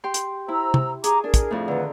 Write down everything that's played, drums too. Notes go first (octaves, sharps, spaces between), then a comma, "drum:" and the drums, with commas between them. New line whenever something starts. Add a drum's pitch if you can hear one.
G4 G5 C6
drum: hi-hat
E4 C5 A#5 E6
drum: tom C3
G#4 G#5 A#5 D6, drum: hi-hat
D4 G#4 A#4
drum: kick, hi-hat
F2 A2
D3 D#3 B4 F#5